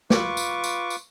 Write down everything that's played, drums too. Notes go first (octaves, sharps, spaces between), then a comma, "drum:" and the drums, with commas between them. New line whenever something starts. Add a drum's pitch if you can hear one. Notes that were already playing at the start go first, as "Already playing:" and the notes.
F4 B4 C#6 D6, drum: snare
drum: tambourine
drum: tambourine
drum: tambourine